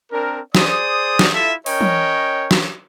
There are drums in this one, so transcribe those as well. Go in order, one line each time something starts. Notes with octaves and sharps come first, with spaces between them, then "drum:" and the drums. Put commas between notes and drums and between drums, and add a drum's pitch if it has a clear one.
C4 D4 A#4
G#4 C5 D5 D#6, drum: snare
drum: snare
E4 F4 A4 E5
C#4 A#4 C#5 D#5 G5, drum: open hi-hat
drum: tom
drum: snare